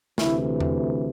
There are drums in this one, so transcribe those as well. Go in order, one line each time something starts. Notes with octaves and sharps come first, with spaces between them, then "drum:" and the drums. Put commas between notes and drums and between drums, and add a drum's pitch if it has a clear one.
D2 C3 E3 E4, drum: snare
drum: tom E2